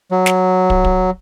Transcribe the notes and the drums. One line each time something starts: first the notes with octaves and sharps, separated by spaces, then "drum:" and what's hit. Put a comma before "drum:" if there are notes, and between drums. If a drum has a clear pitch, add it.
F#3
drum: snare
drum: kick
drum: kick